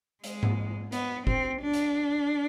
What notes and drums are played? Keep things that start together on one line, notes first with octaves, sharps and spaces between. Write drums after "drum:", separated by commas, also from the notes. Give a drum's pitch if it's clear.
G#3, drum: hi-hat
drum: tom G#2
B3, drum: hi-hat
C4, drum: kick F1
D4
drum: hi-hat